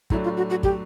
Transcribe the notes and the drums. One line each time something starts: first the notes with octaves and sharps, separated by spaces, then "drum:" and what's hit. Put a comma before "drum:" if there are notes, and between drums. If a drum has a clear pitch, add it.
A2 F#3 A3 D4 E4, drum: kick
F4
F#4
F#4
G4, drum: kick